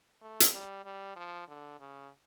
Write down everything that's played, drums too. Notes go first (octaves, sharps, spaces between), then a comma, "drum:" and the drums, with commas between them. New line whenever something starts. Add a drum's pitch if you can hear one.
A3
drum: hi-hat
G3
G3
F3
D3
C#3